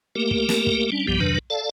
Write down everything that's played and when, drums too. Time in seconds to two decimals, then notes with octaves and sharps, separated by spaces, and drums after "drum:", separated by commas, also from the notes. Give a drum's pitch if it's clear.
0.15 A3 A#3 G4 A#4
0.31 drum: kick
0.49 drum: snare
0.67 drum: kick
0.92 G3 C#4 D4
1.07 B1 G2 F3 G3 B3 G4
1.20 F2 C3 D#3 F#3 D4 B4, drum: kick
1.50 A4 D5 F5 A5